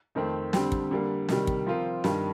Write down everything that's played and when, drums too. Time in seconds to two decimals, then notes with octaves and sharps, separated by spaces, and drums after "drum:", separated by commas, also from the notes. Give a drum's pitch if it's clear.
0.15 F2 D#3 A3 C4
0.53 D3 G3 C4 G4, drum: snare
0.72 drum: kick
0.91 D3 G3 A#3
1.29 C3 D#3 G3, drum: snare
1.47 drum: kick
1.66 F3 C4 F4 A#4
2.04 G2 D#3 G3, drum: snare